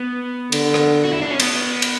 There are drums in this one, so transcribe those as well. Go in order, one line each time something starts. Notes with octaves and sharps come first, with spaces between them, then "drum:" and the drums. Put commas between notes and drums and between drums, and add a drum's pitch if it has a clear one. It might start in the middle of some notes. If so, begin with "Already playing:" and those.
Already playing: B3
D3, drum: cymbal
drum: rim click
F#4
E4
D4
C#4
B3, drum: cymbal
drum: cymbal